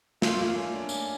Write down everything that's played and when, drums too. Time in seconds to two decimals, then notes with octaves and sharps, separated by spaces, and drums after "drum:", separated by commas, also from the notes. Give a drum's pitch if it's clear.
0.22 A3 F4, drum: snare
0.39 A#3
0.55 C#4
0.72 D4
0.89 C#4, drum: tambourine